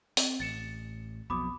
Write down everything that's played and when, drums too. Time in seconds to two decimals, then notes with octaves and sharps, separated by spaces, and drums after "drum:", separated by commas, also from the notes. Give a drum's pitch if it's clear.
0.17 C4, drum: open hi-hat
0.40 A1 A6 C#7 E7
1.30 B1 F2 B2 B5 D6 D#6